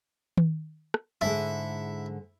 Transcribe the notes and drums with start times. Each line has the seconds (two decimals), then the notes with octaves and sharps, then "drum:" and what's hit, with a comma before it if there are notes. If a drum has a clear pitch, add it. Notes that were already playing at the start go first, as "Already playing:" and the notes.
0.37 drum: tom D#3
0.94 drum: rim click
1.21 G#2 D3 G#3 E4